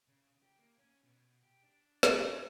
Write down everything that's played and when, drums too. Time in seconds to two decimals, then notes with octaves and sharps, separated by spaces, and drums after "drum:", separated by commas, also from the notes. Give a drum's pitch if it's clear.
0.08 C#3
0.42 G4
0.59 A#3
0.78 C#4
1.05 B2
1.43 G4
1.63 D4
2.03 D3, drum: snare